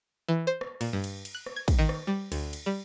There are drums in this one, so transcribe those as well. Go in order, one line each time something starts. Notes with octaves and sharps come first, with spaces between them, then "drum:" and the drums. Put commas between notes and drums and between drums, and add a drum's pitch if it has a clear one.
E3
C5
drum: rim click
A#2, drum: cymbal
G2
drum: cymbal
drum: cymbal
F#6
drum: rim click
G#6
drum: kick, cymbal
D#3
drum: rim click
G3
D2, drum: cymbal
drum: cymbal
G3